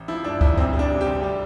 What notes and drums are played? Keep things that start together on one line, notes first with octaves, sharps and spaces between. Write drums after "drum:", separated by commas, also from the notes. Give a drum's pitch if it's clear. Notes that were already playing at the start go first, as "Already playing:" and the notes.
Already playing: A1
F3 E4
G2 D4
A1 E4, drum: kick C#2
D2 C4
G3
D4
C3
G4
D2
G3